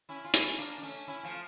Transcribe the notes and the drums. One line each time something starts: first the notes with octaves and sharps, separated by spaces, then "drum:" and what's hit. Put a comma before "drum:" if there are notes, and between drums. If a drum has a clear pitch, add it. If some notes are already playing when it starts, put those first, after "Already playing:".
C#4 E4
F4
C#4 E4, drum: hi-hat
A#3 D4
D4
A3 C#4
C#4 E4
F3 A3